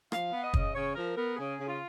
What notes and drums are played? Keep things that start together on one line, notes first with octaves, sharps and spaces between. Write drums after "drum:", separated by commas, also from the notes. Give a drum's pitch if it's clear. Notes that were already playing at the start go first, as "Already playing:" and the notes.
F3 F5, drum: rim click
B3
D#5
C#3, drum: kick
C#3 C#5
F3 A#4
B3 A#4
C#3 G#4
C#3
F4